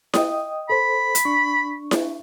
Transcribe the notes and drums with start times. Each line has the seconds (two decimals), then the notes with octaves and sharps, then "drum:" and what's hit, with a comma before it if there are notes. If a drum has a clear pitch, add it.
0.14 D#5 G5 D#6, drum: snare E4
0.70 A4 C5 B5
1.15 drum: hi-hat
1.25 D4 C#6
1.91 drum: snare E4